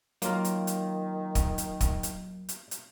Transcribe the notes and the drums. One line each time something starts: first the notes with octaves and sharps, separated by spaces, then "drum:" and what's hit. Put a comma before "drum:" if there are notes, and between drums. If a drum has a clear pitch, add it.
D#3 F#3 A#3 F4 A#4, drum: hi-hat
drum: hi-hat
drum: hi-hat
drum: kick, hi-hat
drum: hi-hat
drum: kick, hi-hat
drum: hi-hat
drum: hi-hat
drum: hi-hat